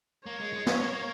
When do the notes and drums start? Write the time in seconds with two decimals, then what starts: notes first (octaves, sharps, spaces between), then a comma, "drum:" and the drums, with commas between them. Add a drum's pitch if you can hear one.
0.26 A#3 C#5
0.40 G#3
0.53 G#3
0.66 C#4, drum: snare
0.80 A#3
0.93 A#3